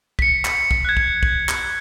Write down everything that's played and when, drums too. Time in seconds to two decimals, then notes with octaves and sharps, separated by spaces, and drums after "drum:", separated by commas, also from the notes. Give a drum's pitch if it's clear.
0.19 B6 C#7, drum: kick
0.45 drum: clap
0.71 drum: kick
0.85 F#6 G#6
0.97 drum: kick
1.23 drum: kick
1.49 drum: clap